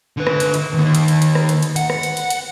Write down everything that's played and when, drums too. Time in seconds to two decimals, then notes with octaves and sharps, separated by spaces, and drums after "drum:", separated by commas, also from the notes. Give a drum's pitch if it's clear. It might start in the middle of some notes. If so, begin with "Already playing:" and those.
0.17 D3 B4
0.27 drum: rim click
0.40 drum: hi-hat
0.54 drum: hi-hat
0.74 D#3 A#3
0.95 drum: hi-hat
1.08 drum: hi-hat
1.22 drum: hi-hat
1.35 drum: rim click
1.49 drum: hi-hat
1.63 drum: hi-hat
1.76 F#5, drum: hi-hat
1.90 drum: rim click
2.03 drum: hi-hat
2.17 drum: hi-hat
2.30 drum: hi-hat